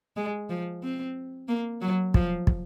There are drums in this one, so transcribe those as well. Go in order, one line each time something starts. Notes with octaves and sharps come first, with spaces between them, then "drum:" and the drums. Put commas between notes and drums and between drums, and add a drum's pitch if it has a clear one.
G#3
F3
C4
A#3
F#3
F3, drum: kick
drum: kick